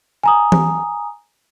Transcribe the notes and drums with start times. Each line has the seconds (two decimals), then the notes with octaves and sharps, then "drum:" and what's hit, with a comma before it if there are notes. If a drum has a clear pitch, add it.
0.23 G#5 A#5 D#6
0.52 drum: tom E3